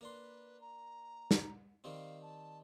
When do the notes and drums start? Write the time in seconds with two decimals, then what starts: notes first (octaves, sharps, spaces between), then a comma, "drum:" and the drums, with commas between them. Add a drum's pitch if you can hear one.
0.01 A#3 D4 B4 C6
0.61 A#5
1.31 drum: snare
1.84 D#3 G3 C4 F5
2.22 A5